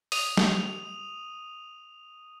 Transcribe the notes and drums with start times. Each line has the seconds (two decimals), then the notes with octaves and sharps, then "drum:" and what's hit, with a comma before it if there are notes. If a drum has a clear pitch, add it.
0.12 D#6 D#7 F7, drum: open hi-hat
0.37 drum: snare